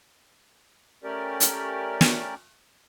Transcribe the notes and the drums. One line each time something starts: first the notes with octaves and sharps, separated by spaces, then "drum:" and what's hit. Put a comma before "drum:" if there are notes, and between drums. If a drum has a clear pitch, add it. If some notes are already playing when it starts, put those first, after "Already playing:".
A3 C#4 G4 A#4 D5
drum: hi-hat
drum: snare